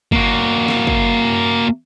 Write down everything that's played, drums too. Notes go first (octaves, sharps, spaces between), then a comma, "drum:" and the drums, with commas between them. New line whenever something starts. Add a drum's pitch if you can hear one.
A#3 F#4, drum: kick
drum: snare
drum: kick